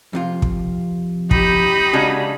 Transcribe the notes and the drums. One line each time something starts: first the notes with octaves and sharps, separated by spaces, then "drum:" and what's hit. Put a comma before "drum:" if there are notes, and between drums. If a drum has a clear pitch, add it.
F2 C3 F4
drum: kick
D#4 G4 B5, drum: kick
C#3 G#3 D4 F#4